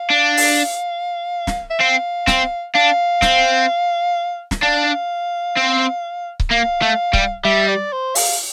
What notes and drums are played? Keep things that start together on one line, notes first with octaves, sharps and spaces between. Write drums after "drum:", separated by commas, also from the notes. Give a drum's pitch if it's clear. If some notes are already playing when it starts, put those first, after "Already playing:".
Already playing: F5
D4
drum: open hi-hat
drum: snare
E5
C4 F5
C4, drum: snare
D4 F5
C4, drum: snare
drum: snare
D4 F5
C4
drum: kick C#1
A#3 F5
A3
G3, drum: kick C#1
G3 E5
D5
C5
F5, drum: open hi-hat